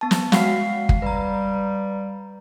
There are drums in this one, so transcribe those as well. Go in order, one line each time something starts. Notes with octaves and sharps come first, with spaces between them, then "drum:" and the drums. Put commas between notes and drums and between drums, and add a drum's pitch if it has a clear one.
B3 A5
drum: snare
G#3 F#4 F5 F#5 C7, drum: snare
drum: kick
G3 B4 A#5